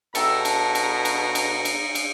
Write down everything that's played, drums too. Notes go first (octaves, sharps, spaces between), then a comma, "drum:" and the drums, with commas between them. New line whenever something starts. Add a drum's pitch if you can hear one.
B2 A4 E5 G5 A#5, drum: cymbal
drum: cymbal
drum: cymbal
drum: cymbal
drum: cymbal
drum: cymbal
drum: cymbal